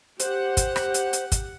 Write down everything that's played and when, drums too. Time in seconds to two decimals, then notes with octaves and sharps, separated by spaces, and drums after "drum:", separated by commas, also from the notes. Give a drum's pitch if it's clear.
0.20 G4 C5 F#5, drum: hi-hat
0.57 drum: kick, hi-hat
0.76 drum: rim click
0.94 drum: hi-hat
1.13 drum: hi-hat
1.32 drum: kick, hi-hat